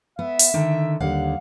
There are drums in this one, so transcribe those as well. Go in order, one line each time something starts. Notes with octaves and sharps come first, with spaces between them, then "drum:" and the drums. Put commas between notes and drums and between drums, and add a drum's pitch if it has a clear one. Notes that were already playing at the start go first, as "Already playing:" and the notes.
B3 E5
drum: open hi-hat
D3 D#3
D#2 D3 G3 F5 F#5